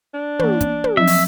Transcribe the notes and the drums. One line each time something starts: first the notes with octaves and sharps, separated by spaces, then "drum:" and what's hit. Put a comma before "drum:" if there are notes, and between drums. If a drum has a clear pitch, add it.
D4
E3 A#3, drum: tom
drum: kick, hi-hat
drum: tom
F3 F#3 C4 E5
drum: open hi-hat